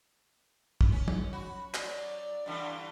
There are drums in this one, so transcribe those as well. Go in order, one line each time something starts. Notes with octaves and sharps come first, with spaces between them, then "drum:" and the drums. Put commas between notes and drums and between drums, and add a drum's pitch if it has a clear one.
drum: kick
C#4
drum: tom
F#4 B5
F#3 D5, drum: clap
G2 D3 E3